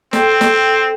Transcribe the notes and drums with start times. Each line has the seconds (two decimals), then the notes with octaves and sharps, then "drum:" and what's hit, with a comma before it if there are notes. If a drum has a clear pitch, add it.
0.13 C4 A4 G5, drum: snare
0.41 drum: snare